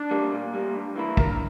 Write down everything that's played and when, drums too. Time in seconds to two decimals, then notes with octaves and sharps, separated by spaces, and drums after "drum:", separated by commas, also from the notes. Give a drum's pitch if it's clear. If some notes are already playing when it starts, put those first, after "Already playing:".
Already playing: D4
0.11 G3 A#3
0.32 A#2
0.54 G3 A#3
0.75 G2
0.96 E3 A#3 E4
1.17 G2 A#4, drum: kick